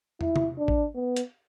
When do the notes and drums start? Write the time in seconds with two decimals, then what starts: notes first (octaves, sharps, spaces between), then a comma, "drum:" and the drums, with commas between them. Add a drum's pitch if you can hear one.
0.21 E4, drum: tom
0.36 drum: tom C3
0.58 D4
0.68 drum: kick
0.95 B3
1.16 drum: hi-hat